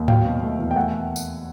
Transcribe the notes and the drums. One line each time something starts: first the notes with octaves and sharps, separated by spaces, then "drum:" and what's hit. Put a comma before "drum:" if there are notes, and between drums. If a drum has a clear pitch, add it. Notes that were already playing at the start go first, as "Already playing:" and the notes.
Already playing: D#2
F#3 F5 G5, drum: tom G#2
B2
A3
E2
G5
A3 F#5 G#5
drum: tambourine